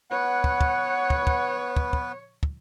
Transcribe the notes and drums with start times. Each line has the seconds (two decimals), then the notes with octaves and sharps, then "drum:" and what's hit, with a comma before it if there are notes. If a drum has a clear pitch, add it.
0.11 B3 B4 C#5 F#5
0.44 drum: kick
0.61 drum: kick
1.10 drum: kick
1.27 drum: kick
1.77 drum: kick
1.93 drum: kick
2.43 drum: kick